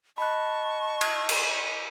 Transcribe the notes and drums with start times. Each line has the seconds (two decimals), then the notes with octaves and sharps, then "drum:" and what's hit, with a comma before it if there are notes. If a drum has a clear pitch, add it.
0.18 D#5 A5 B5 C#6 F#6
1.01 drum: cymbal
1.29 drum: cymbal